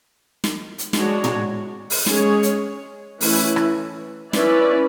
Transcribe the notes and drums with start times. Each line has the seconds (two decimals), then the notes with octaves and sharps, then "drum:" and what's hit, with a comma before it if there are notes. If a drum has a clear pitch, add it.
0.44 drum: snare
0.78 drum: hi-hat
0.93 G#3 D4 F#4 C#5, drum: snare
1.24 drum: tom
1.90 drum: open hi-hat
2.06 G#3 C#4 G#4 C#5, drum: snare
2.43 drum: hi-hat
3.21 E3 A3 C#4 E4 B4, drum: open hi-hat
3.56 drum: rim click
4.33 C#4 E4 B4 D5, drum: snare